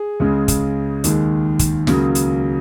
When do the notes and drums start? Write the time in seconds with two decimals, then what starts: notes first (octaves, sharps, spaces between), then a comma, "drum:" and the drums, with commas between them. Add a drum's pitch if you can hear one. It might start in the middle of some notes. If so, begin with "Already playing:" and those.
Already playing: G#4
0.20 C#2 C#3 G#3
0.48 drum: kick, hi-hat
1.04 D#2 D#3 G#3, drum: hi-hat
1.59 drum: kick, hi-hat
1.87 C#2 C#3 F#3 A#3, drum: snare
2.15 drum: hi-hat